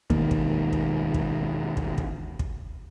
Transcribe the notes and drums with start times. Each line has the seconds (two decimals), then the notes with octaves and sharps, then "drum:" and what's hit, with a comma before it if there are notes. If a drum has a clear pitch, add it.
0.10 E1 D#3 A#3, drum: kick
0.31 drum: kick
0.73 drum: kick
1.14 drum: kick
1.77 drum: kick
1.98 drum: kick
2.39 drum: kick